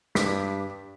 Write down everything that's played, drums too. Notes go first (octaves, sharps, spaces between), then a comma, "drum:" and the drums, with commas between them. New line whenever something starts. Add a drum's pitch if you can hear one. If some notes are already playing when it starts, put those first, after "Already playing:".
G2 D6 B6, drum: snare